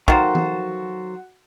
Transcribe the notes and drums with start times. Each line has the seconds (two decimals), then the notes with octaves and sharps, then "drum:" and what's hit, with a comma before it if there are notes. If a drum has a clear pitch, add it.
0.08 D#3 F#3 A#3 F#4 A4 C5, drum: kick
0.35 drum: tom E3